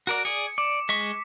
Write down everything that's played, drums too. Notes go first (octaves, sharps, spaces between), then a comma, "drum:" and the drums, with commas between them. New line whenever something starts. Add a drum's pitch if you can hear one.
F#4 A#4 D5, drum: open hi-hat
G#4 D5 C#7
D5 D6
G#3 D#5 C#6 B6
drum: hi-hat